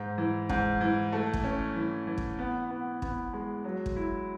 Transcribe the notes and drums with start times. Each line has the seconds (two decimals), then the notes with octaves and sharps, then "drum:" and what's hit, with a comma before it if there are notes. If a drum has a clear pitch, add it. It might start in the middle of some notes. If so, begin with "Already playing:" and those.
Already playing: G#2
0.18 E3
0.49 G#2, drum: kick
0.81 E3
1.12 A3
1.33 drum: kick
1.44 C#4
1.76 E3
2.07 E3
2.18 drum: kick
2.39 B3
2.70 B3
3.02 B3, drum: kick
3.33 G#3
3.65 F#3
3.86 drum: kick
3.96 E4